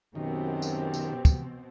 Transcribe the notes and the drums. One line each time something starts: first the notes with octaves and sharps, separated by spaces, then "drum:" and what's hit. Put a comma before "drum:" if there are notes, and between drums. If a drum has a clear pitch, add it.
F#2 B2 D#3 C4 G4
drum: tambourine
drum: tambourine
drum: kick, tambourine